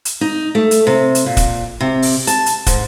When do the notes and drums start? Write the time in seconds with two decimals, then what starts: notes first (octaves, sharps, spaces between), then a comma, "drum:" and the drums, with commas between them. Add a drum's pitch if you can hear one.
0.05 drum: hi-hat
0.21 D#4
0.55 A3
0.71 drum: hi-hat
0.87 C3
1.15 drum: hi-hat
1.26 A#2
1.37 drum: kick, hi-hat
1.81 C3
2.02 drum: open hi-hat
2.27 A5, drum: hi-hat
2.46 drum: hi-hat
2.66 G#2, drum: kick, hi-hat